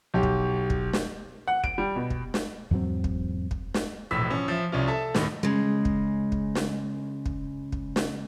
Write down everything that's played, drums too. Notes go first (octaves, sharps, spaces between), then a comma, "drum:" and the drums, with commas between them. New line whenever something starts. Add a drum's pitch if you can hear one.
B1 G4
drum: kick
drum: kick
drum: snare
F#5
D7, drum: kick
G3
B2
drum: kick
drum: snare
E2 G#2 F#3 C4
drum: kick
drum: kick
drum: snare
E1 A#1 A2 E6 B6
F3 C#4
F3 E5
C2 C#4 F4
A4 E5
D#2 A2, drum: snare
C#3 G#3
drum: kick
drum: kick
drum: snare
drum: kick
drum: kick
drum: snare